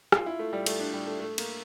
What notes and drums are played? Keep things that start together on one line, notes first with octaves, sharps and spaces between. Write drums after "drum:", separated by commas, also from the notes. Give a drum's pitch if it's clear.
F4, drum: rim click
E4
A3
G3
A3, drum: cymbal
D4
G3
A3
A3
A#3, drum: cymbal